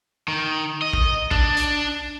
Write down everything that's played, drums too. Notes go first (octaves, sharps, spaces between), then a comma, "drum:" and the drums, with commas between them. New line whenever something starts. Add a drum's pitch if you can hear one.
D#3
D#5
drum: kick A1
D4, drum: kick A1
drum: hi-hat